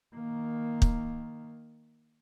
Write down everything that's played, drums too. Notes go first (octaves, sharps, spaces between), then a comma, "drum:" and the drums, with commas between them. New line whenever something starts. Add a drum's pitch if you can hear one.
D#3 A#3
drum: kick